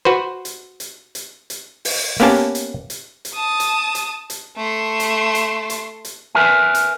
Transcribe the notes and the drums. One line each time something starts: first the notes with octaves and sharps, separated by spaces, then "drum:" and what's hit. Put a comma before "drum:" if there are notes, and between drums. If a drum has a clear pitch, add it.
F#4 B4 C5
drum: hi-hat
drum: hi-hat
drum: hi-hat
drum: hi-hat
drum: open hi-hat
A#3 B3 C#4 G4 A5, drum: hi-hat
drum: hi-hat
drum: hi-hat
drum: hi-hat
A5 D#6
drum: hi-hat
drum: hi-hat
drum: hi-hat
A3 C6
drum: hi-hat
drum: hi-hat
drum: hi-hat
drum: hi-hat
A#4 B4 E5 G#5
drum: hi-hat